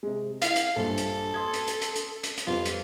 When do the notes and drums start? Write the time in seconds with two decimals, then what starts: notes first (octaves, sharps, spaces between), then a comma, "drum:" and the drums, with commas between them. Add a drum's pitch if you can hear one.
0.03 C3 G#3
0.42 E4 F5, drum: hi-hat
0.56 drum: hi-hat
0.76 A#1 G2 A#2 A4
0.98 drum: hi-hat
1.34 C6 D#6 G#6
1.54 drum: hi-hat
1.68 drum: hi-hat
1.82 drum: hi-hat
1.96 drum: hi-hat
2.24 drum: hi-hat
2.37 drum: hi-hat
2.47 F2 G3 B3 F4
2.65 drum: hi-hat